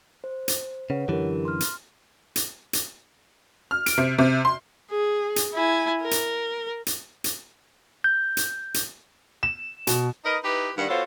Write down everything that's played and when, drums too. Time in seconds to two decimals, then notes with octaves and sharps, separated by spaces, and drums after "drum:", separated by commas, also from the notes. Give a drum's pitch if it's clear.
0.24 C5
0.48 drum: hi-hat
0.90 C#3 B4 C#5 F#5
1.09 F#2 D3 E3 G4 A#4
1.45 C6 F6
1.60 drum: hi-hat
2.36 drum: hi-hat
2.73 drum: hi-hat
3.71 F6
3.86 D7, drum: hi-hat
3.98 C3
4.18 C3
4.45 C6
4.92 G#4
5.36 drum: hi-hat
5.54 E4 G#5
6.01 A#4
6.11 drum: hi-hat
6.86 drum: hi-hat
7.24 drum: hi-hat
8.04 G6
8.37 drum: hi-hat
8.74 drum: hi-hat
9.43 E7
9.87 B2, drum: hi-hat
10.24 D#4 A#4 B4 D#5
10.43 D#4 E4 G4 B4
10.77 G2 D#3 F#5
10.88 B3 F4 F#4 A4 C5 C#5